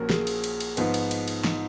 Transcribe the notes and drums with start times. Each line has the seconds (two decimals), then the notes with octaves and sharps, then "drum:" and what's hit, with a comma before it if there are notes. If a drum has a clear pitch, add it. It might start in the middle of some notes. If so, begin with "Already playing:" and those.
Already playing: A#1 A#2 F3 A#3 C#4 F#4 A#4
0.10 G#4, drum: snare
0.27 drum: cymbal
0.44 drum: cymbal
0.60 drum: cymbal
0.77 G#2 F3 B3 D#4, drum: cymbal
0.94 drum: cymbal
1.11 D#4, drum: cymbal
1.28 drum: cymbal
1.44 D#4, drum: snare